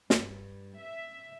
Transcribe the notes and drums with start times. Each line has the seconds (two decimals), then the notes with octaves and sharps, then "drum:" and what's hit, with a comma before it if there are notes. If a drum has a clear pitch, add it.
0.10 G2, drum: snare
0.80 E5